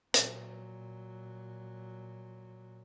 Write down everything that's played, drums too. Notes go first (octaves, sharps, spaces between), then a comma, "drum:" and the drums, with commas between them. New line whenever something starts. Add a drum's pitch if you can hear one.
A#2 F#3, drum: hi-hat